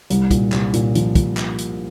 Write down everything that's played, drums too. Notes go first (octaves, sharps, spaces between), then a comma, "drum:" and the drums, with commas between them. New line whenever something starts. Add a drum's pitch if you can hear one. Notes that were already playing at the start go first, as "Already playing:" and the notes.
C2, drum: hi-hat
A#2, drum: kick, hi-hat
C2, drum: clap
A#2, drum: hi-hat
F3, drum: hi-hat
F3, drum: kick, hi-hat
drum: clap
drum: hi-hat